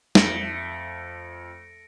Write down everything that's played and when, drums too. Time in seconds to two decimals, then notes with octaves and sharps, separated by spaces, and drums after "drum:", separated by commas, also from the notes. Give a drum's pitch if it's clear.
0.15 F2 A3 A#6 C#7 D7, drum: snare